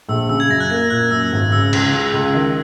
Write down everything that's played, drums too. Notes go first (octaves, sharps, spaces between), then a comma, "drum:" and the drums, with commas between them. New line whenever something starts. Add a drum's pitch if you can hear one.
A#1 E6
C#3 E6
G#6
F#2 A#6
F#6
A#3 G#6
A#2 F#6
F#2 E6
G#1
C#3 E6
C#2, drum: cymbal
C#3
C#2
D#3